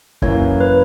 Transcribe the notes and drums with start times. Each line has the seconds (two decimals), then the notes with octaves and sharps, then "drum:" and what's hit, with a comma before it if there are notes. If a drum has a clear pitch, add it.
0.22 F#2 E3 A#3 C#5, drum: kick
0.60 B4